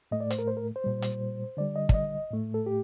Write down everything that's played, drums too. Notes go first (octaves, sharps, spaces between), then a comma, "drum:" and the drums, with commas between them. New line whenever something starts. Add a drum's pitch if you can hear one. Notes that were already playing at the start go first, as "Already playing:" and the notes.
A2 A3 D#5
D5
C5, drum: hi-hat
A#4
C5
A#4
C5
A#2 G3
drum: hi-hat
D3 G3 D5
D#5
D5, drum: kick
D#5
A2 A3
A4
G4